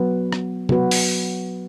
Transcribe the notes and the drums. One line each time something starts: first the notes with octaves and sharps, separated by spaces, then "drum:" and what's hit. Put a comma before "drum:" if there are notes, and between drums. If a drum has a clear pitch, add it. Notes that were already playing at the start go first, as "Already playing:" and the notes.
Already playing: F#3 B3 F#4 B4
drum: rim click
F#3 B3 F#4 B4, drum: tom C3
drum: open hi-hat